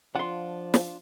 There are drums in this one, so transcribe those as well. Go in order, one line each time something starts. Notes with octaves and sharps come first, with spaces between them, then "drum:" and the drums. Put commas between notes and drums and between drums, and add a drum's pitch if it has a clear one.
F3 D4 F4 F#5 C6
drum: snare